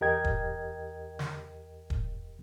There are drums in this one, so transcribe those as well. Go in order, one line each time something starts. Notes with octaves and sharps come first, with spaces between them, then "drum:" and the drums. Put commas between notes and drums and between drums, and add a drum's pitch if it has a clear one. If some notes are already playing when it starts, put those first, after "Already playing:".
E2 G4 A#4 D#5 G5 G#6
drum: kick
drum: snare
drum: kick